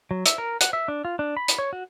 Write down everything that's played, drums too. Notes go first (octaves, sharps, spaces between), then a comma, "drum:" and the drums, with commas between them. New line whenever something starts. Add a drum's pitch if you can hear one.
F#3
E5, drum: hi-hat
A#4
F#5, drum: hi-hat
E5
D4
F4
D4
B5
drum: hi-hat
C#5
F#4